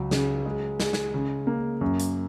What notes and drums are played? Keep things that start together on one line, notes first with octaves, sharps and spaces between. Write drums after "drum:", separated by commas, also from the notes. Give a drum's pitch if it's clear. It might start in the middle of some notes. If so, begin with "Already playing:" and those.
Already playing: C#2 F#3
C#3, drum: snare
G#3
G#3, drum: snare
drum: snare
C#3
A#3
F#2
drum: hi-hat